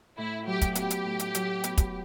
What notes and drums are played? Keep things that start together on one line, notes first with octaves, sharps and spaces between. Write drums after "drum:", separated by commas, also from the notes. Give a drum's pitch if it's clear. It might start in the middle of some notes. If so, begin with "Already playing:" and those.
A2 E4
F#3 G4
drum: kick, hi-hat
B3 G4, drum: hi-hat
drum: hi-hat
A2
drum: hi-hat
F#3, drum: hi-hat
B3, drum: hi-hat
drum: kick, hi-hat